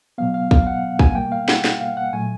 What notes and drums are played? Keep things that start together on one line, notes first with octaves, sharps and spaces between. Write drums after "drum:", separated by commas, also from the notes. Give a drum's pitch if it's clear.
B2 F#3 B3 F5
F5
F5, drum: kick
F#5
G#5, drum: kick
B2 G3 A#3 G5
F5
F#5, drum: snare
drum: snare
F5
F#5
A#2 F#3 A3 G#5